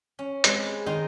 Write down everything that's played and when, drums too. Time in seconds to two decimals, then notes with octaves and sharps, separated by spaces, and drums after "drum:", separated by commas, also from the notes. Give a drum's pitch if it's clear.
0.19 C#4
0.44 G#3 C4, drum: hi-hat
0.64 B4
0.86 D#3 D#4 C5 D#5 G5 A#5